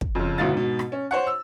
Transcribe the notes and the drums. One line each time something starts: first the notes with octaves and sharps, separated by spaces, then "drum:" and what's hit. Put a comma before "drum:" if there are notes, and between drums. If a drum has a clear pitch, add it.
drum: kick
F2 C#3
G1 D2 B2 E4 F5 A6
G#2 B2
drum: rim click
C#4
C5 C#5 F#5
E6